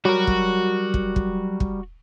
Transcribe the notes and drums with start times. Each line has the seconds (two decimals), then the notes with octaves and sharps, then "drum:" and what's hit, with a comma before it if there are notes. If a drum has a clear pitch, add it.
0.05 F#3 G3 F#4 A#4
0.27 drum: kick
0.94 drum: kick
1.16 drum: kick
1.60 drum: kick